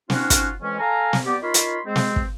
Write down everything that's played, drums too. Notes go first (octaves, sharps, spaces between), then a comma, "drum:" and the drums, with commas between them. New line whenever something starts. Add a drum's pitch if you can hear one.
C4 C#4 D#4 F4 F#4, drum: snare
drum: kick, hi-hat
F2 E3 G#3 C#4
A4 F5 G#5 A#5
drum: snare
B3 G4 D5
D#4 F4 A#4 C#5 B5 C6
drum: hi-hat
G#3 C4
drum: snare
drum: kick